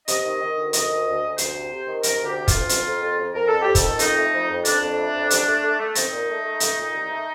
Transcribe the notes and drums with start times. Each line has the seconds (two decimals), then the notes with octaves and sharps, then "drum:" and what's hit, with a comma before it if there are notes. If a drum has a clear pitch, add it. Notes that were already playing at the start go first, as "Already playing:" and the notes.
0.08 C3 D#5, drum: hi-hat
0.25 D#3
0.40 D#3
0.57 D2
0.73 D#3 D#5, drum: hi-hat
0.90 D2
1.06 D2
1.23 D2
1.38 D2 C5, drum: hi-hat
1.55 C3
1.71 C3
1.87 D#3
2.03 C3 A#4, drum: hi-hat
2.20 D2
2.26 G4
2.37 C3
2.48 F4, drum: kick, hi-hat
2.53 D2
2.69 F2, drum: hi-hat
2.85 F2
3.01 F2
3.18 F2
3.34 F2 A#4
3.48 F2 A4
3.62 G4
3.67 F2
3.75 A4, drum: kick, hi-hat
3.83 D#3
3.99 F2 D#4, drum: hi-hat
4.16 A3
4.32 F2
4.49 F2
4.65 F2 D4, drum: hi-hat
4.81 F2
4.98 A3
5.14 F2
5.30 C2, drum: hi-hat
5.47 A3
5.63 A3
5.80 A3
5.95 C4 D#4, drum: hi-hat
6.12 A#2
6.28 A3
6.44 A3
6.60 A3, drum: hi-hat
6.78 A#2
6.93 C2
7.10 A3